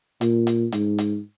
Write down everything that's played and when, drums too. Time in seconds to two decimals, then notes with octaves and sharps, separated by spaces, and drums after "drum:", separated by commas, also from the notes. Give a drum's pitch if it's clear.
0.21 A#2, drum: hi-hat
0.47 drum: hi-hat
0.72 G#2, drum: hi-hat
0.98 drum: hi-hat